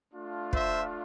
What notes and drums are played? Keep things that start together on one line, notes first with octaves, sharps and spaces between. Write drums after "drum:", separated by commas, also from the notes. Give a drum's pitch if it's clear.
A3 D4 F4
C5 E5, drum: kick